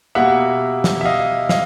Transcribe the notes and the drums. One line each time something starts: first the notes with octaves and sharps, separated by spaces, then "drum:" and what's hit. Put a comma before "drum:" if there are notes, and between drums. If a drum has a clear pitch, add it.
B2 G3 A#3 E5 F#5
drum: snare
E5
D#5 F5
D#5 F5, drum: snare